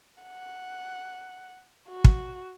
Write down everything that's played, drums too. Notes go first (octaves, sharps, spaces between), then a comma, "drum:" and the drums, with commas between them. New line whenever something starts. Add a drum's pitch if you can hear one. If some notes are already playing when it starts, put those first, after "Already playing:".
F#5
F#4
drum: kick